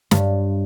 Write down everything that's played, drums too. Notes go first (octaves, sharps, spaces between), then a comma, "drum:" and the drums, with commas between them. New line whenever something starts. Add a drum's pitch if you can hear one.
G2, drum: snare